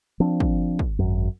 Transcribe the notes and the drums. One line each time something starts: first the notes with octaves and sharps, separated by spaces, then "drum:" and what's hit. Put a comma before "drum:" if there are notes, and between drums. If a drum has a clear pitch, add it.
F3 C4 D4
drum: kick
drum: kick
G#1 F#2